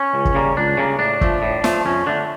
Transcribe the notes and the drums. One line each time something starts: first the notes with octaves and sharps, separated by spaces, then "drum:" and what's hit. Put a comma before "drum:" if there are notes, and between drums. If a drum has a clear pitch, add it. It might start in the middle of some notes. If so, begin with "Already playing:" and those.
Already playing: C#4
C#2
drum: kick
C#3 G3 A#3
C#2 D4
C#3 G3 A#3
A2 D4
F3 A3, drum: kick
A2
F3 A3, drum: snare
F2 C#4
D3 A3 D4